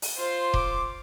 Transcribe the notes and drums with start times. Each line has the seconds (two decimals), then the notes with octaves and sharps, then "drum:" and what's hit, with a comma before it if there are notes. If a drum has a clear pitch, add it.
0.02 drum: open hi-hat
0.15 F4 C5
0.54 D6, drum: kick E1